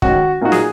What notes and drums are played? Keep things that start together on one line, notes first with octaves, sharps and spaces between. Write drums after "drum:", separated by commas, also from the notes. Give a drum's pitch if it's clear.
D#3 G#3 C#4 F#4, drum: kick
A#2 A#3 D#4 F#4
G#4, drum: snare